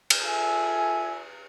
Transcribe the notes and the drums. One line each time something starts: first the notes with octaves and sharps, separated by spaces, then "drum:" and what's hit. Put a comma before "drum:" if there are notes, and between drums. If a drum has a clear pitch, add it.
drum: cymbal
F4 A4 E5 G#5